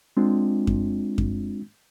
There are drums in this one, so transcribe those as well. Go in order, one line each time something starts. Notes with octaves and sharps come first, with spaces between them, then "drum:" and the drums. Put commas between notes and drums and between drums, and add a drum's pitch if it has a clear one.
G#3 C4 D4 F4
drum: kick F#2
drum: kick F#2